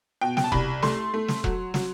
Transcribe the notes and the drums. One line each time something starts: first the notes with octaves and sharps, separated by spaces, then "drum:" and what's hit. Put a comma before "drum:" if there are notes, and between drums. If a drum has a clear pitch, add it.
B2 G5
G5, drum: snare
A5
C2 B5, drum: kick E1
A3 C6, drum: snare
A3
drum: snare
F#3, drum: kick E1
F#3, drum: snare